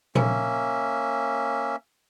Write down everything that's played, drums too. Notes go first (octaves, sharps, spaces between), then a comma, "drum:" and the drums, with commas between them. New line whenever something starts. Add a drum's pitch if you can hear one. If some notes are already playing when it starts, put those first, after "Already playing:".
A#3 C#4 E5, drum: tom A#2